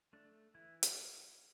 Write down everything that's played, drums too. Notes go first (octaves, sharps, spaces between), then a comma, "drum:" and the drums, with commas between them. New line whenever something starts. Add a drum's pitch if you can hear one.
A3 D4
E3 E4
drum: hi-hat